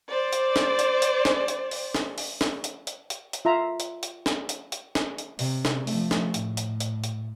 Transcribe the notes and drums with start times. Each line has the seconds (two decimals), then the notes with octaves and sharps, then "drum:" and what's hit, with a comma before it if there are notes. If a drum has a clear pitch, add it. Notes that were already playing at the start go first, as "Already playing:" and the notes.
0.10 C5 D5
0.33 drum: hi-hat
0.56 drum: snare
0.79 drum: hi-hat
1.02 drum: hi-hat
1.25 drum: snare
1.48 drum: hi-hat
1.71 drum: open hi-hat
1.95 drum: snare
2.18 drum: open hi-hat
2.41 drum: snare
2.64 drum: hi-hat
2.87 drum: hi-hat
3.10 drum: hi-hat
3.33 drum: hi-hat
3.45 F4 E5 A#5
3.80 drum: hi-hat
4.03 drum: hi-hat
4.26 drum: snare
4.49 drum: hi-hat
4.72 drum: hi-hat
4.95 drum: snare
5.18 drum: hi-hat
5.39 C3, drum: open hi-hat
5.65 drum: snare
5.87 F3 A3, drum: open hi-hat
6.11 drum: snare
6.34 A2, drum: hi-hat
6.57 drum: hi-hat
6.80 drum: hi-hat
7.04 drum: hi-hat